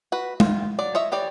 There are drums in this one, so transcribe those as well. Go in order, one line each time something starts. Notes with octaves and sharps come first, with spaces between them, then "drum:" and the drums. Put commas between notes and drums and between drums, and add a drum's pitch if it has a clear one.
F#4 B4
F4, drum: tom G#3
F#3 D5
C#5 D#5 E5
E3 G4 C#5 D5